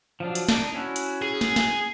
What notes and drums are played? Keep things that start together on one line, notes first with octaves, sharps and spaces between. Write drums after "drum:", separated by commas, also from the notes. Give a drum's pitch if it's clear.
F3 F#3 D4
drum: hi-hat
D4 D#4, drum: snare
C#4 E4 F#4
drum: hi-hat
G#4
drum: snare
drum: snare